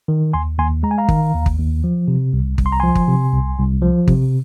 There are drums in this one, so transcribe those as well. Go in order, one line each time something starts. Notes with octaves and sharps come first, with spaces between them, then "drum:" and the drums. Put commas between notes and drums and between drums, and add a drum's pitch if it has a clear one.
D#3
D#2 G#5 C6
D#2 G#5 C6
G#3 A#5
G#5
F5 A#5
D#3, drum: kick
D#2
drum: kick
D#2
F3
C3
C2
C2, drum: kick
C6
A#5
F3 G#5 C6
drum: kick
C3
C2
C2
F3
C3, drum: kick